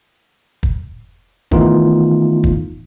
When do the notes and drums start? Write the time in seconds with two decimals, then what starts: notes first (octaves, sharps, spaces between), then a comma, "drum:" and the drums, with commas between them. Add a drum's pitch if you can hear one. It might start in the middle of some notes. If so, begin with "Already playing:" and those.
0.63 drum: kick
1.51 D#3 E3 A3 B3 D#4 F4, drum: kick
2.44 drum: kick